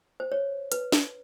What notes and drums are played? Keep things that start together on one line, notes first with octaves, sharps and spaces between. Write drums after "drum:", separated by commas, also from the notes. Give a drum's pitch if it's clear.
C5
C#5
B4, drum: hi-hat
drum: snare